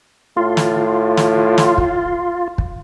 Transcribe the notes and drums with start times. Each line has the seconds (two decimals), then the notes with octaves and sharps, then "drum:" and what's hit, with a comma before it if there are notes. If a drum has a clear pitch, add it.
0.37 A2 F4
0.57 drum: snare
1.17 drum: snare
1.58 drum: snare
1.78 drum: kick
2.58 drum: kick